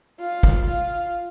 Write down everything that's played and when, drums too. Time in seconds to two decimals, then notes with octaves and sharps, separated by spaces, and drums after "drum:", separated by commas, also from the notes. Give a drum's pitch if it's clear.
0.20 F4
0.43 drum: kick
0.67 F4